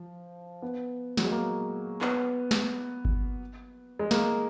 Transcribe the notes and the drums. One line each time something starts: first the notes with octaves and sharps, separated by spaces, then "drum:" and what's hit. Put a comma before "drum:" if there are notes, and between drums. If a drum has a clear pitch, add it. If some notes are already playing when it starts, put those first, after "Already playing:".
Already playing: F3
B3
F#3, drum: snare
G#3
A#3
B3, drum: clap
drum: snare
drum: kick G1
G#3
A#3, drum: snare